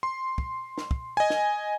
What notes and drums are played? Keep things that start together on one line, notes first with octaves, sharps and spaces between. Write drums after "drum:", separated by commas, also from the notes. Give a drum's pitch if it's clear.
C6
drum: kick
drum: snare
drum: kick
D#5 G#5
drum: snare